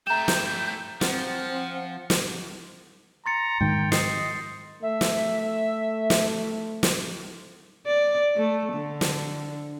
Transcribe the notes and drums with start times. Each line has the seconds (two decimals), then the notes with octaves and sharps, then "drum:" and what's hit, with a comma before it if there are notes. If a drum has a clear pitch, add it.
0.07 A3 G4 A#5 G6 E7
0.28 drum: snare
1.01 F3 C4 F#5, drum: snare
2.10 drum: snare
3.26 A#5 C6 A6 C#7
3.61 G#2 D#3 G5
3.92 D#5 C7, drum: snare
4.82 A3 E5
5.01 drum: snare
6.10 drum: snare
6.83 drum: snare
7.87 D5
8.36 A3
8.73 D3
9.01 drum: snare